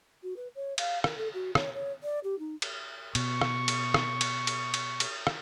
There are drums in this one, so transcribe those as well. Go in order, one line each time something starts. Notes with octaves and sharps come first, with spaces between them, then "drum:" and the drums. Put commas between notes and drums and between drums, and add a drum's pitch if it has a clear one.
F#4
B4
C#5
F5, drum: cymbal
A#4, drum: rim click
A4
F#4
C#5, drum: rim click
C#5
D5
G4
D#4
drum: cymbal
B2 C#6, drum: cymbal
drum: rim click
drum: cymbal
drum: rim click
drum: cymbal
drum: cymbal
drum: cymbal
drum: cymbal
drum: rim click